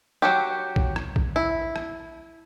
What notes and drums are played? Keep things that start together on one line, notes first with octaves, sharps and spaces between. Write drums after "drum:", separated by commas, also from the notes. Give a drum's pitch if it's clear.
F#3 F#4 G4
drum: kick A#1
drum: rim click
drum: kick A#1
E4
drum: rim click